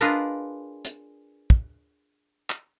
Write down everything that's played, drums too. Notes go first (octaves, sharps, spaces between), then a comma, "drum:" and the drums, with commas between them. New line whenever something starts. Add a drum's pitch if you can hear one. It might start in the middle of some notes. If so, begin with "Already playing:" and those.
D4 F4 G#4 A#4 B4 D#5
drum: hi-hat
drum: kick
drum: clap